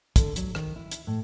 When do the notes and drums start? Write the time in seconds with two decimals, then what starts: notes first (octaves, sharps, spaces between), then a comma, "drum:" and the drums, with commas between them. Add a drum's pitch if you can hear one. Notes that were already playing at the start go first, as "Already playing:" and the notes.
0.16 D3, drum: kick, hi-hat
0.36 F#3, drum: hi-hat
0.55 D#3, drum: rim click
0.76 E4
0.91 drum: hi-hat
1.07 A2